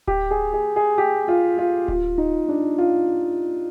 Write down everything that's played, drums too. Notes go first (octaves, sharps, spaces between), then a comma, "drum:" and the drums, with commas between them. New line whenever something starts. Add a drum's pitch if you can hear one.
G4, drum: kick D1
G#4
G#4
G#4
G4
F4
F4
F4, drum: kick D1
D#4
D4
F4